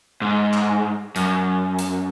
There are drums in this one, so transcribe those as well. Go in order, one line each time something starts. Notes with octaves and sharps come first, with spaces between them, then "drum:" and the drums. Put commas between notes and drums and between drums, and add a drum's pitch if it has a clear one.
G#2
drum: clap
F#2, drum: hi-hat
drum: hi-hat